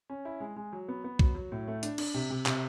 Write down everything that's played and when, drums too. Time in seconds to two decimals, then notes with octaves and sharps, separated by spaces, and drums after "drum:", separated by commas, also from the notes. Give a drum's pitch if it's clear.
0.10 C#4
0.25 E4
0.40 G#3
0.56 G#3
0.73 F#3
0.88 B3
1.04 B3
1.19 F#3, drum: kick
1.35 F#3
1.52 A2
1.68 A3
1.83 D4, drum: hi-hat
1.98 D4, drum: cymbal
2.14 C3
2.30 C3
2.46 C3, drum: clap